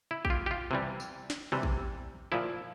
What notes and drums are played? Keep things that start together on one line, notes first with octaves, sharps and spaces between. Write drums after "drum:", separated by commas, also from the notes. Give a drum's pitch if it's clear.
E4
G4, drum: kick
F4
G4
F4
C3 E3 G3
drum: tambourine
drum: snare
C3 E3 G3
drum: kick
A#2 F3 E4